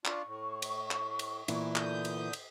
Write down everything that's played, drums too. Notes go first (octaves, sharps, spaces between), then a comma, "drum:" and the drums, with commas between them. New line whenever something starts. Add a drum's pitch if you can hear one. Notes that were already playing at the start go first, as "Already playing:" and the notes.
D4 F4 C#6, drum: clap
A2
drum: cymbal
drum: clap
drum: cymbal
A#2 E3 B3, drum: cymbal
D3 D#6 G6, drum: clap
drum: cymbal
drum: cymbal